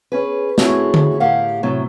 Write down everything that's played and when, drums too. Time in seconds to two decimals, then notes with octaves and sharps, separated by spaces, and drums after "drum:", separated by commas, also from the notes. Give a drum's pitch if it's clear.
0.12 C#4 G#4 B4
0.58 A3 C4 C#4 E4 F#4 G#4, drum: snare
0.94 drum: tom D3
1.20 A2 G4 A#4 F5 F#5
1.63 A2 C3 F#3